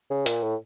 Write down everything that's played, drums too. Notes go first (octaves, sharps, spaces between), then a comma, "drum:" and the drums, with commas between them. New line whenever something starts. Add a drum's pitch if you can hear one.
C#3
A#2, drum: hi-hat
A2